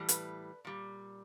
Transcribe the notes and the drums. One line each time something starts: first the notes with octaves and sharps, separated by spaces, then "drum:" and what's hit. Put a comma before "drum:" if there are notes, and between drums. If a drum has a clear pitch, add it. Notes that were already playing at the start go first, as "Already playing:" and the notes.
Already playing: A2 E3 G3
B4, drum: hi-hat
A#2 G3